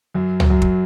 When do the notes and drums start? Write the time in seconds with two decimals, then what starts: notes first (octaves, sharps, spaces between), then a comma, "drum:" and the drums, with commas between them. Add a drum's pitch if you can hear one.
0.15 F#2 F#3
0.40 drum: tom C#2
0.50 F#2 F#3
0.62 drum: kick